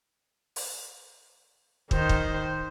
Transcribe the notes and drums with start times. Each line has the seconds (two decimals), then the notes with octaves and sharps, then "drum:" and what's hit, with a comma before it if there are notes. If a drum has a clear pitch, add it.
0.56 drum: open hi-hat
1.91 D#3 C5, drum: kick
2.09 drum: kick